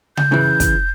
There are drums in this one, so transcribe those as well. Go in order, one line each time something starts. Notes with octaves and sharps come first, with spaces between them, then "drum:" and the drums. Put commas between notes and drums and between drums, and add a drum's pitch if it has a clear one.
G6, drum: tom C#3
C#3 E3
drum: kick, hi-hat